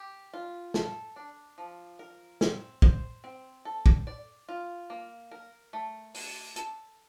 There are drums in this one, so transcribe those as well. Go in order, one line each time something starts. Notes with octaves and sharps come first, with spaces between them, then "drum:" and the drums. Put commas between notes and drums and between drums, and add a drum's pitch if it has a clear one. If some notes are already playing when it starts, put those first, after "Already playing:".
Already playing: G4
F4
A4, drum: snare
D4
F3
A#4
C4, drum: snare
C5, drum: kick
C4
A4
drum: kick
D5
F4
A#3
A#4
A3
D4, drum: open hi-hat
A4, drum: hi-hat